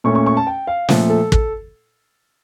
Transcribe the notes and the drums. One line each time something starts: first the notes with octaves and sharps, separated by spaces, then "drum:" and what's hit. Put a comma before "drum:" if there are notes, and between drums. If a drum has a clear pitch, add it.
A#2 A3 C#4 C#6
C#6
C#6
A5
G5
F5
A#2 F3 A3 A4, drum: snare
A4
A4, drum: kick